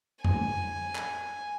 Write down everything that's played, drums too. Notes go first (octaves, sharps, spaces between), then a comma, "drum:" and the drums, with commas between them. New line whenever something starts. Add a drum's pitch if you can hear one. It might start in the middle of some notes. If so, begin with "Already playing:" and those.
G#5, drum: tom F2
drum: clap